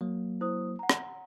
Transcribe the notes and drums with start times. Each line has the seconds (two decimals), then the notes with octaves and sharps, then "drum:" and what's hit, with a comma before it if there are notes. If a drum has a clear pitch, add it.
0.01 F#3 A#3
0.41 E4 C5 D#6
0.79 F#5 A#5
0.89 drum: rim click